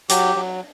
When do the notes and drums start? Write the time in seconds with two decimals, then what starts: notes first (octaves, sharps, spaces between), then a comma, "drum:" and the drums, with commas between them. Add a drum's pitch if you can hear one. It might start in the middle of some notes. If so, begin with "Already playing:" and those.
0.09 F#3 G4, drum: hi-hat
0.36 F#3